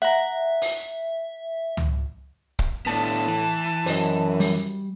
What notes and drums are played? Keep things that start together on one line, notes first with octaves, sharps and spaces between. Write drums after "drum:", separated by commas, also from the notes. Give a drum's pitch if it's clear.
E5 F#5 A#5
drum: open hi-hat
drum: tom C#2
drum: kick
A2 B3 D4 A5
E3
F#2 C5 D#5, drum: open hi-hat
G3, drum: open hi-hat